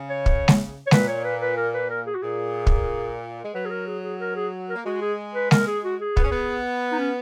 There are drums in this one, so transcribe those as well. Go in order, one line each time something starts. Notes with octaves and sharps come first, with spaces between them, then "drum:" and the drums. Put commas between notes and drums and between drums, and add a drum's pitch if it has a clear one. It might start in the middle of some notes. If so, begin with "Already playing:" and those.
Already playing: C#3
C#5
drum: kick
drum: snare G#3
C#5
A#2 B4, drum: snare G#3
C#5
B4
B4
A#4
B4
A#4
G#4
F#4
A#2 G#4
drum: kick
G#3
F#3 B4
G#4
A#4
G#4
G#4
A#4
G#4
A#4
A#3
G#3 F#4
G#4
B4
A#4, drum: snare G#3
G#4
F#4
G#4
B3, drum: kick
C#4
B3
D#4
C#4